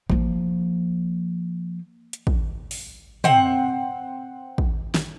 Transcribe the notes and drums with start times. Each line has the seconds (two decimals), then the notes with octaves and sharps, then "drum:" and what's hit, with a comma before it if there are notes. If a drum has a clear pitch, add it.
0.10 F3 A#3, drum: kick
2.13 drum: hi-hat
2.27 drum: kick
2.71 drum: open hi-hat
3.24 C4 F#5, drum: tom
4.58 drum: kick
4.94 drum: snare